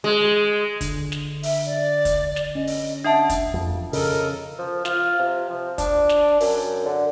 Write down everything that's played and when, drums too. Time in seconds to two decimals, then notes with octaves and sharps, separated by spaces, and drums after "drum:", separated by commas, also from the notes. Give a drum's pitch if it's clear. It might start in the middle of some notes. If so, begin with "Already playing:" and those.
0.04 G#3
0.81 D3, drum: kick, hi-hat
1.12 drum: snare
1.43 E5, drum: open hi-hat
1.66 D5
2.05 drum: kick, hi-hat
2.36 drum: snare
2.55 C#4 D#5
2.67 drum: open hi-hat
3.04 D4 E5 F#5 A5
3.30 drum: kick, hi-hat
3.54 F2
3.93 C#3 A4 A#4 D#5, drum: open hi-hat
4.58 F3
4.85 F4, drum: snare
5.19 C3
5.50 F3
5.78 D4, drum: kick, hi-hat
6.09 drum: snare
6.40 F#2, drum: open hi-hat
6.85 D3